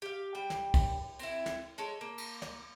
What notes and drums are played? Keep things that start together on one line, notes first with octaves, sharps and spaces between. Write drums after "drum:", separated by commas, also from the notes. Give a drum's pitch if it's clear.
G4 F5
G3 G5
drum: snare
drum: kick, cymbal
C4 E4, drum: cymbal
drum: snare
G#3 A4 C#5
A#3
drum: cymbal
drum: snare